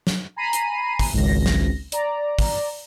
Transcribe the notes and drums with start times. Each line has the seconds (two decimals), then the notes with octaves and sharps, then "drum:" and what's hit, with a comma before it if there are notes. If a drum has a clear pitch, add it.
0.07 drum: snare
0.36 G#5 A#5 B5 C7 D#7
0.53 drum: hi-hat
0.99 drum: kick, open hi-hat
1.13 G#1 C#2 A#6
1.46 drum: snare
1.92 D5 A#5, drum: hi-hat
2.39 drum: kick, open hi-hat